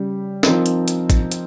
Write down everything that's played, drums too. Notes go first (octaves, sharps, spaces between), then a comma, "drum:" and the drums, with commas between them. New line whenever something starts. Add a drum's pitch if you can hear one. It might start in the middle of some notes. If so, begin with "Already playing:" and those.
Already playing: C#3 G3
F3 C4 D#4 A#4, drum: snare
drum: hi-hat
drum: hi-hat
drum: kick, hi-hat
drum: hi-hat